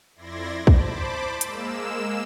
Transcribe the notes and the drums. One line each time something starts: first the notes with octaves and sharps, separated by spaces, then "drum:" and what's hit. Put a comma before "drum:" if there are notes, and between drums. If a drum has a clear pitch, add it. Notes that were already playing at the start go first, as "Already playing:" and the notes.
F2 E4 D5 C6 G#6 A#6
C5 A5 B5 D6, drum: kick
G#3 A#3 E6 E7, drum: hi-hat